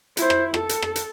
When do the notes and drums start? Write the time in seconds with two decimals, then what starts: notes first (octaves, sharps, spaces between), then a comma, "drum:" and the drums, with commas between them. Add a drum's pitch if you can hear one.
0.17 E4 C5, drum: hi-hat
0.30 drum: rim click
0.54 A4, drum: rim click
0.69 drum: hi-hat
0.82 drum: rim click
0.96 drum: hi-hat